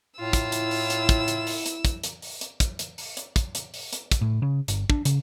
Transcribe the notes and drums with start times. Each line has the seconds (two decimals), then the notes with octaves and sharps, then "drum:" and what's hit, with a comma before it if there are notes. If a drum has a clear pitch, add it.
0.20 A2 E4 F4 E6
0.33 drum: kick, hi-hat
0.52 drum: hi-hat
0.71 drum: open hi-hat
0.90 drum: hi-hat
1.09 drum: kick, hi-hat
1.28 drum: hi-hat
1.47 drum: open hi-hat
1.66 drum: hi-hat
1.85 drum: kick, hi-hat
2.03 drum: hi-hat
2.22 drum: open hi-hat
2.41 drum: hi-hat
2.60 drum: kick, hi-hat
2.79 drum: hi-hat
2.98 drum: open hi-hat
3.17 drum: hi-hat
3.36 drum: kick, hi-hat
3.55 drum: hi-hat
3.74 drum: open hi-hat
3.93 drum: hi-hat
4.11 drum: kick, hi-hat
4.21 A2
4.42 C#3
4.68 G1, drum: hi-hat
4.90 D4, drum: kick
5.05 C#3, drum: hi-hat